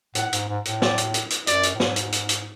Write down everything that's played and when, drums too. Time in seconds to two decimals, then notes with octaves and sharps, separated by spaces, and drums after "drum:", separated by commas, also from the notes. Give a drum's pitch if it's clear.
0.15 A2 F#5, drum: hi-hat
0.33 G#2, drum: hi-hat
0.48 G#2
0.65 A2, drum: hi-hat
0.82 D5, drum: snare
0.98 drum: hi-hat
1.14 drum: hi-hat
1.30 drum: hi-hat
1.47 F#2 D5, drum: hi-hat
1.63 drum: hi-hat
1.75 A2
1.80 G#2, drum: snare
1.96 drum: hi-hat
2.12 drum: hi-hat
2.29 drum: hi-hat